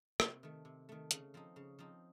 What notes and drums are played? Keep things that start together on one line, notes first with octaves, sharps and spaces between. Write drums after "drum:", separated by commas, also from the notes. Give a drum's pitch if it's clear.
C3, drum: rim click
D#3 A3
C3
D#3 A3
C#3, drum: hi-hat
F3 C4 D#4
C#3
F3 C4 D#4